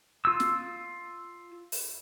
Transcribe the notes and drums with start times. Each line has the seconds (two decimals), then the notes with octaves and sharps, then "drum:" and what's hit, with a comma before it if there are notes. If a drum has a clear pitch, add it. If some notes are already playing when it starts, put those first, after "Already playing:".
0.25 F4 E6
0.40 drum: snare
1.72 drum: open hi-hat